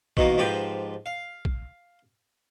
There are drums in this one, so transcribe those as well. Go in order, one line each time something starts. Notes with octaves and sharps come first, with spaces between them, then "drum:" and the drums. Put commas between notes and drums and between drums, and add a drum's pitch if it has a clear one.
B2 D#3 E3 A#3, drum: kick A#1
G#2 F3 G4 B4 G5
F5
drum: kick A#1